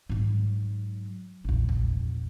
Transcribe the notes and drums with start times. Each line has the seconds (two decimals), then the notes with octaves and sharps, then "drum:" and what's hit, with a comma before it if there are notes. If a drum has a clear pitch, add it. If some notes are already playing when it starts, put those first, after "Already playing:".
0.09 G#2 F#3
1.45 A#1 E2
1.69 drum: kick